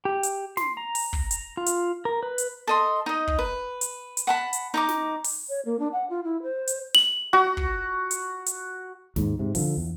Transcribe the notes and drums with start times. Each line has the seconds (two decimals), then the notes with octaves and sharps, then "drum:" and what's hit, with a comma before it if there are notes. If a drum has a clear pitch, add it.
0.05 G4
0.23 drum: hi-hat
0.57 C6, drum: snare
0.77 A#5
0.95 drum: open hi-hat
1.13 drum: kick
1.31 drum: hi-hat
1.57 F4
1.66 drum: hi-hat
2.05 A#4
2.23 B4
2.38 drum: hi-hat
2.67 A4 D#5 C6
3.06 D#4 D#5
3.27 drum: kick
3.39 B4
3.81 drum: hi-hat
4.17 drum: hi-hat
4.27 F#5 A5 B5
4.53 drum: hi-hat
4.74 D#4 A#5 D6
4.89 drum: snare
5.24 drum: open hi-hat
5.49 C#5
5.65 A#3
5.79 D4
5.92 F#5
6.10 F4
6.24 E4
6.43 C5
6.67 drum: hi-hat
6.95 F#7
7.33 F#4
7.57 drum: kick
8.11 drum: hi-hat
8.46 drum: hi-hat
9.16 D#2 G#2, drum: snare
9.39 G#2 C3
9.55 D3 D#3 F3, drum: open hi-hat
9.77 E2